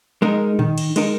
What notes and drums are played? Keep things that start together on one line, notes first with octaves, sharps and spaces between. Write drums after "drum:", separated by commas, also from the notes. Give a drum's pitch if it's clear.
G#3 D#4 A#4
D#3, drum: tom A2
drum: cymbal
G#3 D#4 A#4, drum: cymbal